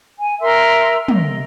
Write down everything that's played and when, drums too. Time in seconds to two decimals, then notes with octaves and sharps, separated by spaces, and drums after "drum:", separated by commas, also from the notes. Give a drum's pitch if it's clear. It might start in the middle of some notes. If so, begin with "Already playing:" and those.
0.19 G#5
0.41 A#4 E5 C6 E6
1.08 D#5, drum: tom